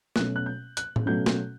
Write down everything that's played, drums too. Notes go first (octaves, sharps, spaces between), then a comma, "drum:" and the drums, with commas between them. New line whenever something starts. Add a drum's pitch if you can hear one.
B2 F#3 A3 C#4 F#6, drum: snare
F#6
G6
F#6, drum: hi-hat
drum: tom A2
B2 F#3 A3 C#4 G6
drum: snare